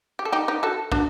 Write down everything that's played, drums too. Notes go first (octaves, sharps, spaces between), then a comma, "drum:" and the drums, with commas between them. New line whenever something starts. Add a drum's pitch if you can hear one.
G4
A4
D#4 G4
D#4 G4
F#4 A4
D4 F#4, drum: kick